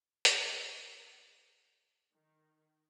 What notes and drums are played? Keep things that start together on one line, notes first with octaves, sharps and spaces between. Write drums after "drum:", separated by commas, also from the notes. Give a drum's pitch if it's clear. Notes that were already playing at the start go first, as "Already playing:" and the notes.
drum: hi-hat
D#3